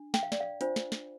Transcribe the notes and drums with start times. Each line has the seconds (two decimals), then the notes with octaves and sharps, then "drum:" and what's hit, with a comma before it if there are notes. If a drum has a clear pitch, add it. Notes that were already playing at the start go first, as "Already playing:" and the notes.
Already playing: D4
0.14 G5, drum: snare
0.23 F5
0.32 D5, drum: snare
0.40 F5
0.61 D4 F4 C5, drum: hi-hat
0.76 drum: snare
0.92 drum: snare